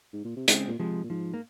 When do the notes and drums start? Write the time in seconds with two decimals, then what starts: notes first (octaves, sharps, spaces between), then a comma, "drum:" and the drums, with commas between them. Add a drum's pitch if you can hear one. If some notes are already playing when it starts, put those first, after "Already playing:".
0.13 G#2
0.25 A#2
0.36 C3
0.48 C#3 G#3 C4, drum: hi-hat
0.68 A#2
0.79 C3 F3 G#3
1.04 A#2
1.10 G#2 F3
1.34 A#3